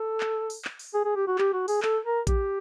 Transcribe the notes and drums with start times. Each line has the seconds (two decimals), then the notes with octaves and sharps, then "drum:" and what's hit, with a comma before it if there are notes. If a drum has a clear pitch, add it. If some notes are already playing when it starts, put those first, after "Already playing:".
Already playing: A4
0.20 drum: clap
0.50 drum: open hi-hat
0.65 drum: clap
0.79 drum: open hi-hat
0.94 G#4
1.05 G#4
1.16 G4
1.28 F#4
1.38 G4, drum: clap
1.53 F#4
1.68 G#4, drum: open hi-hat
1.83 A4, drum: clap
2.05 A#4
2.27 G4, drum: kick A#1, hi-hat